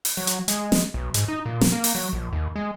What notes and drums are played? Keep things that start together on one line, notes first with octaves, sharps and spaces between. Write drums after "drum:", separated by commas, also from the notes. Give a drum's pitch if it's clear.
drum: open hi-hat
F#3
drum: hi-hat
G#3, drum: hi-hat
drum: snare
B1
G#2, drum: hi-hat
D#4
A#2
drum: snare
A#3
drum: open hi-hat
F#3
A#1
D#2
G#3